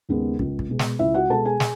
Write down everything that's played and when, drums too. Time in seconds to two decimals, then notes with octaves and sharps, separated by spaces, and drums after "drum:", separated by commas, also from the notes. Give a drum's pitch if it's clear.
0.09 D#2 C#3 G#3 B3
0.39 C#2, drum: kick
0.59 drum: kick
0.69 B2 G#3
0.79 drum: snare
0.99 C#2 E4 E5
1.14 F#4 F#5
1.29 B2 G#3 A4 A5
1.45 G#4 G#5
1.60 drum: snare